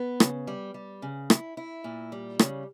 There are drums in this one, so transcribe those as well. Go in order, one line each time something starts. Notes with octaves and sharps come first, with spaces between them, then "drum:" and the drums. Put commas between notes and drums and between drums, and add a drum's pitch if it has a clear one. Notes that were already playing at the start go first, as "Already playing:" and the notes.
Already playing: B3
C#3, drum: rim click
G3
G3
C#3
E4, drum: rim click
E4
A#2
G3
C#3, drum: rim click